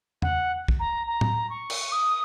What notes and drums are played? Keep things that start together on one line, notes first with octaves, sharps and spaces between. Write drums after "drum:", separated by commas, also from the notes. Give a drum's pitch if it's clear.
F#5, drum: tom E2
drum: kick
A#5
A#5
drum: tom
C#6
drum: cymbal
D#6